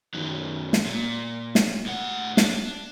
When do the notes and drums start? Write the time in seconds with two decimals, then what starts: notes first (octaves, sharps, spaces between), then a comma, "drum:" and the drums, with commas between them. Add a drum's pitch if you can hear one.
0.14 F#2 D#3
0.73 drum: snare
0.86 A#2
1.55 drum: snare
1.86 A2 F#5
2.37 D4, drum: snare